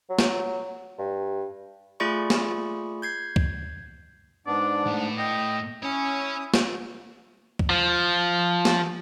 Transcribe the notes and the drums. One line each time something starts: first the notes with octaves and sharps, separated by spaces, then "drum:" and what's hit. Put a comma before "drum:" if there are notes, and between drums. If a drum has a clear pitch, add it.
F#3
drum: snare
G2
A3 F4 G#4 D5 B5 C#6
drum: snare
G6 G#6 C7
drum: kick
G#2 B3 D4 D5
A2
D#5 G5
C#4 E4 C#5 G#5 D#6
drum: snare
drum: kick
F3
drum: snare